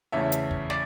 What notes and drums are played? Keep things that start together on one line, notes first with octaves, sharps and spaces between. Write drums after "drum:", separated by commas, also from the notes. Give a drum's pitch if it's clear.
E2 C#3 E3 A3 C#4 E5
drum: hi-hat
drum: kick
D5, drum: snare